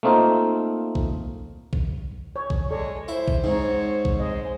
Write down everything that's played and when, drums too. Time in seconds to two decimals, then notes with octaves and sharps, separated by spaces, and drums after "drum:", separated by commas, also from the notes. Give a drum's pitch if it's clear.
0.03 A3 A#3 C4 D#4 F4
0.95 drum: kick A#1
1.73 drum: kick A#1
2.36 C#5
2.50 drum: kick A#1
2.71 G#3 A4 C#5 D5
3.08 E4 C5
3.28 drum: kick A#1
3.44 G#2 C4 D#4 C#5
4.05 drum: kick A#1
4.20 G#3 C5 D#5